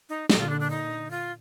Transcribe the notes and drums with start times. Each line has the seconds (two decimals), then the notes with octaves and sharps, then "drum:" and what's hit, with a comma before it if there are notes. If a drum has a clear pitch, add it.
0.09 D#4
0.30 A#2 D3 D#4, drum: snare
0.40 F4
0.49 D4
0.60 D4
0.70 D#4
1.11 F4